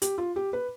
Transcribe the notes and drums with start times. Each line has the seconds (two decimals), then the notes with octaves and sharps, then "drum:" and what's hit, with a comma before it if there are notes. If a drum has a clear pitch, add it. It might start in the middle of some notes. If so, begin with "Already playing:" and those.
0.02 G4, drum: hi-hat
0.18 F4
0.36 G4
0.53 B4